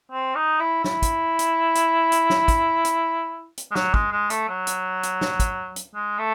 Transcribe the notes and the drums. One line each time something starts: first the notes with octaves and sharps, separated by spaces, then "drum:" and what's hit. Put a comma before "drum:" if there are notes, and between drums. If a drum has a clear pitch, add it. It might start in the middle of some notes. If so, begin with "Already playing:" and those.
C4
D#4
E4
E4, drum: snare
drum: kick, hi-hat
drum: hi-hat
drum: hi-hat
drum: hi-hat
drum: snare
drum: kick, hi-hat
drum: hi-hat
drum: hi-hat
G#3
F#3, drum: snare
G#3, drum: kick
G#3
A3, drum: hi-hat
F#3
drum: hi-hat
drum: hi-hat
drum: snare
drum: kick, hi-hat
drum: hi-hat
G#3
A3